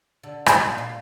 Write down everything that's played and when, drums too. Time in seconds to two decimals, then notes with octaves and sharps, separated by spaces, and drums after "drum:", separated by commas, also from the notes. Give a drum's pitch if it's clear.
0.23 D3
0.46 A#2, drum: rim click
0.66 A#2
0.78 F5